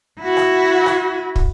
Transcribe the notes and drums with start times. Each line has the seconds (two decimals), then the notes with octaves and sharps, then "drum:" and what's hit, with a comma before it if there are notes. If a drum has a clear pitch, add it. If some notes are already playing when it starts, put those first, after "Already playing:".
0.20 E4 F#4
0.37 drum: rim click
0.86 drum: rim click
1.36 drum: kick